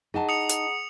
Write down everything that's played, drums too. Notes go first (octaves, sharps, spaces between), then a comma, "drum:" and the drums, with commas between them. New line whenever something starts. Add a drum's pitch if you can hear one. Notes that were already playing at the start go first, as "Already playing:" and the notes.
D#4 G#4 F#5 A5 A#5
D#6 C#7 F7
drum: hi-hat